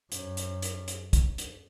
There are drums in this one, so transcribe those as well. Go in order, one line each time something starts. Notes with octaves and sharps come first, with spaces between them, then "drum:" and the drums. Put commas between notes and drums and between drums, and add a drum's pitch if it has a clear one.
F#2, drum: hi-hat
drum: hi-hat
drum: hi-hat
drum: hi-hat
drum: kick, hi-hat
drum: hi-hat